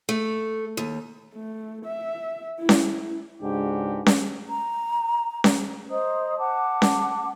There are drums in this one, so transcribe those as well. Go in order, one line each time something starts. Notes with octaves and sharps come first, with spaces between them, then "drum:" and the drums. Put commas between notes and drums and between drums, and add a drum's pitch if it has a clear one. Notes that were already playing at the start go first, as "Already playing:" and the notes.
A3
D#2
A3
E5
E4
drum: snare C#4
C#2 G#2 D4 F#4 G4
drum: snare C#4
A#5
drum: snare C#4
C5 D#5 A#5 D#6
F#5 A5 D6
drum: snare C#4